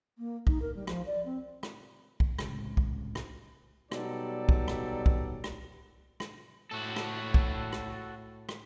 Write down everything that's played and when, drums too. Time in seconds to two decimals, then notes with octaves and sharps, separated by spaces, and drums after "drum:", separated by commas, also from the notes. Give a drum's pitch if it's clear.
0.18 A#3
0.47 D#4, drum: kick
0.62 A#4
0.75 G3
0.87 F3, drum: rim click
1.06 D5
1.25 C4
1.63 drum: rim click
2.20 drum: kick
2.39 C#2 A2 C3, drum: rim click
2.77 drum: kick
3.15 drum: rim click
3.92 B2 F#3 G3 D#4 A4 D5, drum: rim click
4.49 drum: kick
4.68 drum: rim click
5.06 drum: kick
5.44 drum: rim click
6.20 drum: rim click
6.72 A2 F#4 A4
6.96 drum: rim click
7.34 drum: kick
7.72 drum: rim click
8.49 drum: rim click